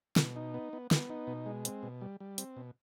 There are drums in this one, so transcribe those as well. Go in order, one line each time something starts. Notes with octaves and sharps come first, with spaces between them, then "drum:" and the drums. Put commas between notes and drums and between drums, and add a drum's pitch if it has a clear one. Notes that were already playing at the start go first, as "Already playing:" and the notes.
B2, drum: snare
D#4
B3
B3
B3, drum: snare
D#4
B2
G#3
C4, drum: hi-hat
B2
G3
G3
C4, drum: hi-hat
B2